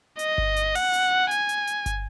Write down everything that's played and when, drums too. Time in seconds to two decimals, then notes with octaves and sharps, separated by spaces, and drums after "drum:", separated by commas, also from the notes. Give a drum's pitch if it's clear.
0.19 D#5, drum: hi-hat
0.38 drum: kick G1
0.56 drum: hi-hat
0.75 F#5, drum: open hi-hat
0.93 drum: hi-hat
1.31 G#5, drum: hi-hat
1.49 drum: hi-hat
1.67 drum: hi-hat
1.86 drum: kick G1, hi-hat